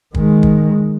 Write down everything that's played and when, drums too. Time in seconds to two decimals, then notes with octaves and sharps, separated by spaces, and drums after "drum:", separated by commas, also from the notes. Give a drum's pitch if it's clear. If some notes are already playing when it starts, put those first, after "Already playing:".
0.15 D#3 G#3, drum: kick
0.43 drum: kick